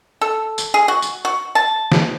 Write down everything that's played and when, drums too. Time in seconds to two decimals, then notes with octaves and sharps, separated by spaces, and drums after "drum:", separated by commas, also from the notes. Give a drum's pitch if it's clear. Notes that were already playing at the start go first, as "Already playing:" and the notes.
0.21 A4
0.58 drum: tambourine
0.74 G#4
0.88 F#4
1.02 drum: tambourine
1.25 F#4
1.55 A5
1.92 drum: snare